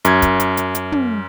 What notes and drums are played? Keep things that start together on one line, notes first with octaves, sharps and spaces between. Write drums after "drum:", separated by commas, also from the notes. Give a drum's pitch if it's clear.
F#2 G#6, drum: hi-hat
drum: kick, hi-hat
drum: hi-hat
drum: hi-hat
drum: hi-hat
drum: tom